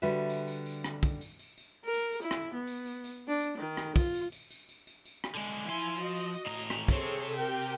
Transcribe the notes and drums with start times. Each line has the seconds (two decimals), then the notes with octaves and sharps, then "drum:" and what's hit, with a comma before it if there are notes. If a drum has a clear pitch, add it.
0.02 D3 G3 F#4 B4 E5
0.30 drum: tambourine
0.48 drum: tambourine
0.66 drum: tambourine
0.84 drum: rim click
1.03 drum: kick, tambourine
1.21 drum: tambourine
1.39 drum: tambourine
1.58 drum: tambourine
1.85 A#4
1.94 drum: tambourine
2.13 drum: tambourine
2.22 E4
2.31 drum: rim click
2.54 B3
2.68 drum: tambourine
2.86 drum: tambourine
3.04 drum: tambourine
3.27 D4
3.41 drum: tambourine
3.57 D#3
3.77 drum: rim click
3.96 F4, drum: kick, tambourine
4.14 drum: tambourine
4.32 drum: tambourine
4.51 drum: tambourine
4.69 drum: tambourine
4.87 drum: tambourine
5.06 drum: tambourine
5.24 drum: rim click
5.34 D3 G#3
5.66 F3 E4 G#5 C6
6.01 F#4 D#5
6.15 drum: tambourine
6.34 drum: tambourine
6.46 A2 A#5
6.70 drum: rim click
6.88 C3 C4 G#4 A4 C#5, drum: kick, tambourine
7.07 drum: tambourine
7.25 drum: tambourine
7.38 G4 A#4 G5
7.62 drum: tambourine